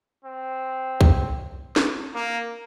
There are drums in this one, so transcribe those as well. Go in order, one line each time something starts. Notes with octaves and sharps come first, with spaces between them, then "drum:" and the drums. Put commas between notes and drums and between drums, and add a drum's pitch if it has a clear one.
C4
drum: kick
drum: snare
A#3